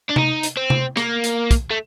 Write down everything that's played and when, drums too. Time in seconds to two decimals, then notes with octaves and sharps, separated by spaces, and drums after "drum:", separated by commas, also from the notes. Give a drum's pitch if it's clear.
0.09 D4
0.16 D#4, drum: tom C3
0.43 drum: hi-hat
0.57 C4
0.70 drum: tom C3
0.97 A#3, drum: rim click
1.24 drum: hi-hat
1.51 drum: kick, hi-hat
1.70 A3